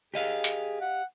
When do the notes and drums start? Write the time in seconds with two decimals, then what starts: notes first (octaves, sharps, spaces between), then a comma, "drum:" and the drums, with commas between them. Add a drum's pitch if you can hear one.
0.14 G4 G#4 D#5 F5
0.44 drum: hi-hat
0.81 F#5